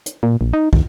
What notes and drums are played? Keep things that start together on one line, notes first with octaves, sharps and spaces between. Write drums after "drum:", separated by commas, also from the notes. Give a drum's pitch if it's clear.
drum: hi-hat
A#2
A#1
D#4
D#2, drum: kick